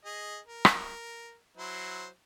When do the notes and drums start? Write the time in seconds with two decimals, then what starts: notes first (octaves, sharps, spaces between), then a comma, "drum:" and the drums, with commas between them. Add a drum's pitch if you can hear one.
0.05 G#4 D#5
0.46 A#4
0.65 drum: rim click
1.57 F#3 E4 C5